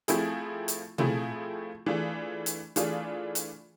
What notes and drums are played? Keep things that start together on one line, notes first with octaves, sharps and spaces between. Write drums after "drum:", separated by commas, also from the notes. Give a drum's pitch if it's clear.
F3 A3 C4 E4 G#4, drum: hi-hat
drum: hi-hat
F3 A3 C4 E4 G#4, drum: tom B2
E3 A3 D4 F4 G#4
drum: hi-hat
E3 A3 D4 F4 G#4, drum: hi-hat
drum: hi-hat